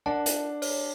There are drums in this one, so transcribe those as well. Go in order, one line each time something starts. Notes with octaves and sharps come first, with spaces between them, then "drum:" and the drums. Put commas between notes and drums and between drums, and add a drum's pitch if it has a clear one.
D4 A#4 F#5 A5
drum: hi-hat
C#5, drum: open hi-hat